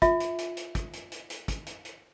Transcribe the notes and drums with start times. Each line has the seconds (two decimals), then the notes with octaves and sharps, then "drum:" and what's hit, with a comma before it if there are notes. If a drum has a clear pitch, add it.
0.02 F4 E5, drum: kick, hi-hat
0.20 drum: hi-hat
0.38 drum: hi-hat
0.57 drum: hi-hat
0.75 drum: kick, hi-hat
0.93 drum: hi-hat
1.12 drum: hi-hat
1.30 drum: hi-hat
1.48 drum: kick, hi-hat
1.66 drum: hi-hat
1.85 drum: hi-hat